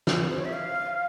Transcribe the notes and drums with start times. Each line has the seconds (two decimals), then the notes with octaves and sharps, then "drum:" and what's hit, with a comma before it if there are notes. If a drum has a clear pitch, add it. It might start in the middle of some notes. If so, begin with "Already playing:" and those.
0.07 drum: snare
0.21 B4
0.29 C5
0.38 C#5
0.45 E5
0.53 F5